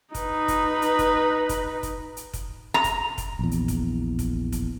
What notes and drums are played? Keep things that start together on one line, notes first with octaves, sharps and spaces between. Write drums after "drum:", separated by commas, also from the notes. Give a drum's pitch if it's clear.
D#4 B4, drum: kick, hi-hat
drum: kick, hi-hat
drum: hi-hat
drum: kick, hi-hat
drum: kick, hi-hat
drum: kick, hi-hat
drum: hi-hat
drum: kick, hi-hat
A#5
drum: kick, hi-hat
drum: kick, hi-hat
A#1 E2
drum: hi-hat
drum: kick, hi-hat
drum: kick, hi-hat
drum: kick, hi-hat